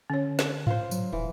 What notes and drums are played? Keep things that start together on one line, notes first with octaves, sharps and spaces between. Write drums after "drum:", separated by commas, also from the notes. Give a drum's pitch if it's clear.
D3 C#4 C#5
drum: snare
F4 C5, drum: tom G#2
F#3, drum: tambourine
D#1 E3